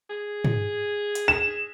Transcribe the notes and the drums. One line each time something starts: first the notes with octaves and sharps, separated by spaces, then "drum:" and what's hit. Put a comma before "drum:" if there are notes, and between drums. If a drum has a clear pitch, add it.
G#4
drum: tom
drum: hi-hat
E7